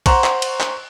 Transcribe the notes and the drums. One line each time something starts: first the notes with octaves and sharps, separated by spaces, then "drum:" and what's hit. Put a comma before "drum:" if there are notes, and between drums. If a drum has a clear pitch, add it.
C5 F#5 A#5 C6 C#6 F#6, drum: kick, cymbal
drum: clap
drum: cymbal
drum: clap